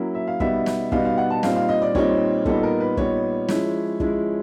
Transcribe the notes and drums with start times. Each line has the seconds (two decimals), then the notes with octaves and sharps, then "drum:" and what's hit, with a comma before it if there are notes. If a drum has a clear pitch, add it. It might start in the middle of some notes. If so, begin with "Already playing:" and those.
Already playing: F#3 A#3 C#4 E4
0.15 E5
0.27 F5
0.40 B2 G3 B3 D#4 E5, drum: kick
0.66 drum: snare
0.92 B2 G3 B3 D#4 F5, drum: kick
1.05 F5
1.18 F#5
1.30 A5
1.43 A#2 G3 C4 D#4 F5, drum: snare
1.56 F5
1.69 D#5
1.82 D5
1.95 A#2 G3 C4 D#4 C#5, drum: kick
2.45 A#2 G3 B3 D#4 A4, drum: kick
2.63 A#4
2.80 B4
2.97 A#2 G3 B3 D#4 C#5, drum: kick
3.48 F3 G#3 C#4 E4, drum: snare
4.00 F3 G#3 C#4 E4, drum: kick